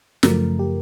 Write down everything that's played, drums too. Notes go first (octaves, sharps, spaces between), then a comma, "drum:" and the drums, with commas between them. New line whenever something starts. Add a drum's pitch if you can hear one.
F#2 C#3 F3 A3 A#4, drum: snare
G4